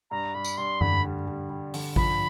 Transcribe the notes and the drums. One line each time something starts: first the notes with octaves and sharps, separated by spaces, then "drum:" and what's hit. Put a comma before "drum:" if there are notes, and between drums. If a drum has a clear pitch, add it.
G2 A#5
G2 B5
drum: tambourine
G2 C6
D3 B5, drum: tom F#2
G3
G3
G3
D3, drum: open hi-hat
F3 B5, drum: kick A1